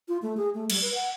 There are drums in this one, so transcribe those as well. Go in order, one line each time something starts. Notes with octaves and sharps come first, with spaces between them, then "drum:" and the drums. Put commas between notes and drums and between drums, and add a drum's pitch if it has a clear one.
F4
A3
G#4
A3
G3, drum: cymbal
B4
F#5